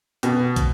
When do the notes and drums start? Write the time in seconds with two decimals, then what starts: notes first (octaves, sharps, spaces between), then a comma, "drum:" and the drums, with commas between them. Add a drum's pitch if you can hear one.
0.23 B2, drum: hi-hat
0.56 drum: kick, hi-hat